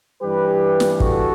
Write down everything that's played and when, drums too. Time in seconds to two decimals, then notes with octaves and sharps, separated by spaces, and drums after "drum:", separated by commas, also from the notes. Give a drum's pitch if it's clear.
0.22 G2 E3 G3 G4 B4
0.80 drum: snare
1.00 F#4 A4, drum: kick